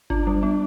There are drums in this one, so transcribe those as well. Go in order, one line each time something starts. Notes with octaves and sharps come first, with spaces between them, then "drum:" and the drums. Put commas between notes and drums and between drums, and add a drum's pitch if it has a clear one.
D4 F4, drum: kick G1
G3
B3